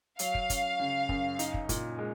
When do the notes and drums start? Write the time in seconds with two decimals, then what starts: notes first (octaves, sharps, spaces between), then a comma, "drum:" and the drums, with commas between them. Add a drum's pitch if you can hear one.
0.19 F#3 F5, drum: hi-hat
0.35 drum: kick
0.50 C#4, drum: kick, hi-hat
0.79 C#3
1.09 F#2, drum: kick
1.39 D#4, drum: hi-hat
1.54 drum: kick
1.69 A#2, drum: kick, hi-hat
1.99 G#3